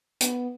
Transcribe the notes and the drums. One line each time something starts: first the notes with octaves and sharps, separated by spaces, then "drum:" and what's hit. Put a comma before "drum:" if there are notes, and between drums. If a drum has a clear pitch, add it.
B3, drum: hi-hat